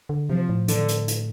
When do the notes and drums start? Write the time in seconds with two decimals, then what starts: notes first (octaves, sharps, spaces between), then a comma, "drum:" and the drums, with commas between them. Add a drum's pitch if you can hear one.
0.09 D3
0.29 C3 F3
0.49 A2
0.68 D3, drum: hi-hat
0.88 drum: hi-hat
1.08 drum: hi-hat